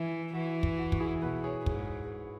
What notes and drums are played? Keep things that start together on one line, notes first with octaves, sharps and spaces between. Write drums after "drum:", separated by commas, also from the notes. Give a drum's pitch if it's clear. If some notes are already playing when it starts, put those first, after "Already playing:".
Already playing: E3 E5 G#5
E3 F#4
drum: kick
F#4
F#4, drum: kick
E4 G#4
B2 F#4 B4
G#4 C#5
G#2, drum: kick